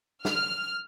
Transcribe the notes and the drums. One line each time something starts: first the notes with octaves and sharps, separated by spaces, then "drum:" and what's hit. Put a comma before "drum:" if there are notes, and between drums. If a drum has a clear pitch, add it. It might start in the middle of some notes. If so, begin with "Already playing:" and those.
F6, drum: snare